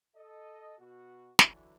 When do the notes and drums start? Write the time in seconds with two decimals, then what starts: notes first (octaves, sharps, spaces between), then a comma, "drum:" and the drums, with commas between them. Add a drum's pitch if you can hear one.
0.16 A4 D#5
0.79 B2 F#4
1.39 D3 E3 F#3, drum: snare